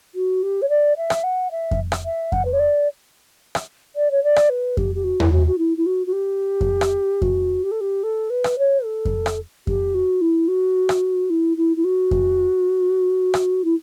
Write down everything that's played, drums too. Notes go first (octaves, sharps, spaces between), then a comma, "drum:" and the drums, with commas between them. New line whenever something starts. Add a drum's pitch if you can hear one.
F#4
G4
C#5
D5
E5
drum: rim click
F#5
E5
drum: kick F2
drum: rim click
E5
F#5, drum: kick F2
B4
C#5
D5
drum: rim click
D5
C#5
D5
drum: rim click
B4
G4, drum: kick F2
G4
F#4
E4, drum: tom E2
F#4
F#4
E4
E4
F#4
F#4
G4
drum: kick F2
drum: rim click
F#4, drum: kick F2
G4
A4
G4
A4
B4
drum: rim click
C#5
A4
drum: kick F2
drum: rim click
G4, drum: kick F2
F#4
E4
F#4
drum: rim click
E4
E4
E4
F#4
drum: kick F2
drum: rim click
E4